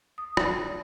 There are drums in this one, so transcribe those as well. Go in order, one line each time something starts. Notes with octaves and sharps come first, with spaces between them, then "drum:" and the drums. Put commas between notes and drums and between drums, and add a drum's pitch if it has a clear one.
D#6
drum: rim click